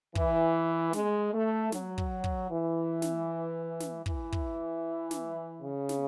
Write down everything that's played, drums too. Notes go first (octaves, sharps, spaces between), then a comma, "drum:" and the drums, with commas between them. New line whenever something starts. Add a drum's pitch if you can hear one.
E3, drum: kick
G#3, drum: snare
A3
F#3, drum: snare
drum: kick
drum: kick
E3
drum: snare
drum: snare
E3, drum: kick
drum: kick
drum: snare
C#3
drum: snare